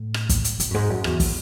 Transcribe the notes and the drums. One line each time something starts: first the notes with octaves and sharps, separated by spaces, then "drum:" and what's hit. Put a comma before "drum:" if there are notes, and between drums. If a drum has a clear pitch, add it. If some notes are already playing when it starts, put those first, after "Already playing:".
Already playing: A2
drum: rim click
drum: kick, hi-hat
drum: hi-hat
A2, drum: hi-hat
F#2
G#2
F#2
E2, drum: rim click
drum: kick, open hi-hat